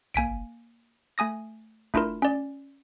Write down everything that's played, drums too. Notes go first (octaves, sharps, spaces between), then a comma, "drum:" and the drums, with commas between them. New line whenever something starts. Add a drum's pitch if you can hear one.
A#3 G#5 B6 D7, drum: tom
A3 G#5 D#6 A#6
A3 D4 E4 F4 A#4, drum: kick
C#4 D5